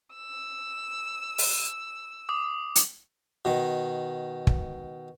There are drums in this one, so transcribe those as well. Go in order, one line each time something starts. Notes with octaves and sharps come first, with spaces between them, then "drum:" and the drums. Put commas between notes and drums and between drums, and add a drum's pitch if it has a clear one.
E6
drum: open hi-hat
D6 D#6
drum: hi-hat
B2 D#3
drum: kick